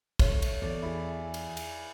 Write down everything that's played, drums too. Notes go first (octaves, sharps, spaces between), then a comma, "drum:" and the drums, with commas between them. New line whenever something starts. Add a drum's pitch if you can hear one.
A3 C#5 C#6, drum: kick, cymbal
drum: cymbal
E2 E3 A4 D5
E4 G#4
G#4
drum: cymbal
drum: cymbal